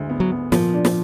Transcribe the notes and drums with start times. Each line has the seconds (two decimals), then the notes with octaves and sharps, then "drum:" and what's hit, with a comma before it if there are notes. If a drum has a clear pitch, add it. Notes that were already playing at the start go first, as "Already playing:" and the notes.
Already playing: D2 D3 G#3
0.10 B3
0.20 F#3
0.32 B3
0.52 A#2 F3, drum: snare
0.74 D4
0.85 drum: snare